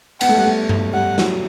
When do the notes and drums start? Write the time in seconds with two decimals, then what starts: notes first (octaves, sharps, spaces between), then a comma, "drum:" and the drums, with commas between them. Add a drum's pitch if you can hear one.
0.21 B3 F#5, drum: cymbal
0.29 A3
0.37 G3
0.45 A3
0.69 drum: tom G2
0.93 G3 F#5
1.18 F#3, drum: snare